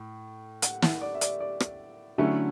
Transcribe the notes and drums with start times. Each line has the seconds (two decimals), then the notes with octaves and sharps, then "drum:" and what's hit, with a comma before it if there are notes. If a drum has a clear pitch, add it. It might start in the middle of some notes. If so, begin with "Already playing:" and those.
Already playing: A2
0.62 F#5, drum: hi-hat
0.82 F#5, drum: snare
1.01 D5
1.15 E5
1.21 D5, drum: hi-hat
1.40 D5
1.60 drum: rim click
2.18 D3 F#3 A3 C#4 E4